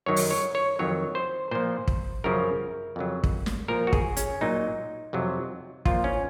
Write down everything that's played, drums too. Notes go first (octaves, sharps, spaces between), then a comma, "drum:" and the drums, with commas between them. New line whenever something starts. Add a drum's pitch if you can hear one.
F#2 D#3 F#3 C#5
drum: open hi-hat
C#5
C#5
F2 D#3 F#3 C#5
C5
A#2 F3 C5
drum: kick
F#2 C#3 F3 A#4
F2 C#3 F#3
drum: kick
drum: snare
A#2 F3 A#4
F#4
G#4, drum: kick
C#4, drum: hi-hat
A#2 F#3 D#4
F2 C3 F#3
A#2 F3 F4, drum: kick
C#4